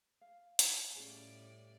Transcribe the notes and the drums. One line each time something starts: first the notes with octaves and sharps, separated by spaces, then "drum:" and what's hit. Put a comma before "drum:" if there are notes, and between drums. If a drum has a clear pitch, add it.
F5
drum: hi-hat
A2 G3 C#4 F4 G#4 D5